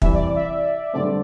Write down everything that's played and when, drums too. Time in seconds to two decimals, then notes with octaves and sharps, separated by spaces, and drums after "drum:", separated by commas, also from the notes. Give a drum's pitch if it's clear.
0.02 C3 E3 G3 E5, drum: kick
0.14 D5
0.36 E5
0.93 G2 D3 A3 C4 D5